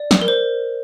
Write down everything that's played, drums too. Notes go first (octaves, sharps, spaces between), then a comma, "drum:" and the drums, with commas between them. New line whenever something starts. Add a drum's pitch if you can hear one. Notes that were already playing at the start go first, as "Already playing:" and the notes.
Already playing: D5
drum: snare
A#4
C5